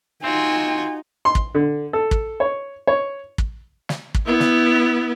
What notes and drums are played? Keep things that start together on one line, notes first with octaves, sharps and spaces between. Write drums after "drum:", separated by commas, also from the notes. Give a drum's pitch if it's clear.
C4 D#4 F4 F#4 G#5
C6
drum: kick
D3
A4
drum: kick
C#5
C#5
drum: kick
drum: snare
drum: kick
B3 E4
drum: snare